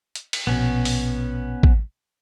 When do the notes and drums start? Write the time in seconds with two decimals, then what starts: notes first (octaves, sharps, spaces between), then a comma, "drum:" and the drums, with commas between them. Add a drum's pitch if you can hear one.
0.15 drum: hi-hat
0.33 drum: cymbal
0.47 A#1 B2 B3 C#4
0.85 drum: open hi-hat
1.63 drum: kick